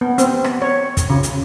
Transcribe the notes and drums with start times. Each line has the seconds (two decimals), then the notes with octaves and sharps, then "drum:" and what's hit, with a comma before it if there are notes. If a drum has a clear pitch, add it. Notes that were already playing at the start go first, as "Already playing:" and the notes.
0.01 B3
0.18 C4, drum: hi-hat
0.44 drum: rim click
0.62 C#5
0.97 drum: kick, hi-hat
1.10 C#3
1.23 drum: hi-hat